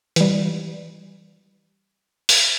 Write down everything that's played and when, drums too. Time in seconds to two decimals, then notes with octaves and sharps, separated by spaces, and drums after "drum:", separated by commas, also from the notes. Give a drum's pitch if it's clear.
0.16 E3 G3, drum: hi-hat
2.29 drum: open hi-hat